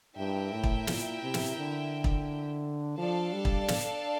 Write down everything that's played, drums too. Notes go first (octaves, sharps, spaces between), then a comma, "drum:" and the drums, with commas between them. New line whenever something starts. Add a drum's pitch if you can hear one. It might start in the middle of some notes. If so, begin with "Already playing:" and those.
G2 E4 A#4 E5 G5
A2
drum: kick
A#2, drum: snare
C3
drum: snare
D3
drum: kick
F3 D4 A4 D5 F5 A5
G3
drum: kick
drum: snare